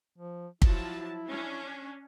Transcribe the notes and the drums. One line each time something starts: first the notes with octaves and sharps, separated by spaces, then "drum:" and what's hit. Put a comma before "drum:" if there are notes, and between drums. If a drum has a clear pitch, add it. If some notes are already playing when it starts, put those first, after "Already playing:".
F3
F3 F#3 E4 A5, drum: kick
C#4 D4